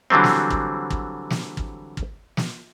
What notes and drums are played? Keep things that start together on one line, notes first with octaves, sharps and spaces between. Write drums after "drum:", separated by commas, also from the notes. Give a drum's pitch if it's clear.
D3 E3 F#3 G3 C4
drum: snare
drum: kick
drum: kick
drum: snare
drum: kick
drum: kick
drum: snare